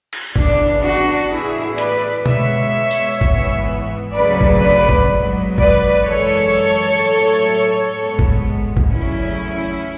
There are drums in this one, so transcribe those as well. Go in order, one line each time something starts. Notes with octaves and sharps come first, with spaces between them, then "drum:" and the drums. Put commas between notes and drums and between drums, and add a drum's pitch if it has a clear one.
drum: open hi-hat
E2 C#3 E3 B3 D4, drum: kick G1
D4 F#4
A2 E3 B3 E4 G#4
B4 D5, drum: hi-hat
B2 G#3 B3 C#5 E5, drum: tom B2
drum: tambourine
G#2 E3 B3, drum: kick G1
D2 C#3 F#3 B4 D5
drum: kick G1
B4 D5
drum: kick G1
G#2 F#3 B3
B4 D5, drum: kick G1
F#2 E3 G#3 A4 C#5
A2 F#3 A3
G#2 G#3 B3
drum: kick G1
drum: kick G1
E2 C#3 F#3 A3 C#4 E4